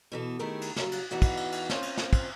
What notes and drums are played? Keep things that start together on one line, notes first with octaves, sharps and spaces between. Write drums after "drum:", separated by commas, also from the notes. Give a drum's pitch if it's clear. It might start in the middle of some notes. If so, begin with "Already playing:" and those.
B2 E3 A4
D#3 A3 E4 G4 G#4 A#4
drum: cymbal
C#3 F#3 G3 F5, drum: snare
drum: cymbal
E2 E3 D#4 F#4 F#5
drum: kick, cymbal
drum: cymbal
drum: cymbal
C4 C#4 F4 C5, drum: snare
drum: cymbal
drum: snare
drum: kick, cymbal